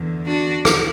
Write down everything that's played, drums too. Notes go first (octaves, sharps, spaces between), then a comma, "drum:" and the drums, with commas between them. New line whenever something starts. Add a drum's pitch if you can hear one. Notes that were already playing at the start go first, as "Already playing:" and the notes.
Already playing: E2 D3
D4 F#4
drum: rim click